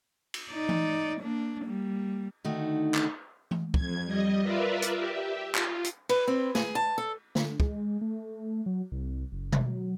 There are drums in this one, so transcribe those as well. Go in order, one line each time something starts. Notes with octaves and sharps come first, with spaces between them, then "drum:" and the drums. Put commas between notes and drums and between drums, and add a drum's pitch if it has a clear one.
drum: cymbal
D#4 D5
drum: tom E3
A#3 D4
G3 A#3
D3 D#3 A3 D#4 F#4
drum: clap
drum: tom E3
F2 G#6, drum: kick
G3 D#5
F4 A#4 B4 D5 E5
drum: hi-hat
G4 E5
F4, drum: clap
drum: hi-hat
B4, drum: cymbal
C4
G#4, drum: snare
A5
A4
D3, drum: snare
G#3, drum: kick
A3
F#3
C2
F#1
drum: tom B2
F#3